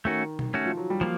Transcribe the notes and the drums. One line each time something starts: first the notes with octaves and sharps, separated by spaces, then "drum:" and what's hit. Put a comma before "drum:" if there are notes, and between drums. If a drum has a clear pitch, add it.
D#3 A3 C#4 F#4
drum: tom B2
A3 C#4 F#4
F3
F#3
G3
F3 F#3 A#3